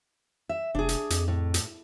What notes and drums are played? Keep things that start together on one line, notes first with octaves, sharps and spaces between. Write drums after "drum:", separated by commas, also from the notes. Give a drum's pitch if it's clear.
E5
F1 D4 G#4
drum: hi-hat
F2, drum: hi-hat
A2
drum: hi-hat